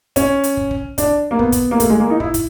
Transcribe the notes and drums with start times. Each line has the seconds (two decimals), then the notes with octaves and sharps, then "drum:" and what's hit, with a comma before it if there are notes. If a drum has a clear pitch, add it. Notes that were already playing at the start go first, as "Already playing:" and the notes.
0.16 C#4, drum: kick, hi-hat
0.44 drum: hi-hat
0.57 drum: kick
0.71 drum: kick
0.98 D4, drum: kick, hi-hat
1.31 A#3
1.39 B3, drum: kick
1.52 drum: kick, hi-hat
1.71 A#3
1.80 A3, drum: kick, hi-hat
1.90 G#3
2.00 A#3
2.10 D#4
2.20 E4, drum: kick
2.34 drum: kick, hi-hat